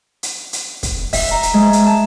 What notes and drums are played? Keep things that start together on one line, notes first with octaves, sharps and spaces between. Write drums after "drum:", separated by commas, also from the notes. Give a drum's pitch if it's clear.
drum: hi-hat
drum: hi-hat
drum: kick, hi-hat
E5, drum: kick, open hi-hat
A#5
drum: hi-hat
G#3
drum: hi-hat
A5